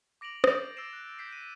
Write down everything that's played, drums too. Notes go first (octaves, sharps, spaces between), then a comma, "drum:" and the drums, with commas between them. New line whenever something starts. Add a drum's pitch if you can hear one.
D6 A#6 D7 F7 F#7
G6 A6 A#6 C7 D7 F#7, drum: rim click
D6 E6 A6 C7 D7 E7
F#6
G6 B6 C7
D#7